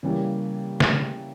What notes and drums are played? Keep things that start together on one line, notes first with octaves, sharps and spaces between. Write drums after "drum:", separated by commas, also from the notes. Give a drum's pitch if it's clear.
C#3 E3 G3 A#3
drum: snare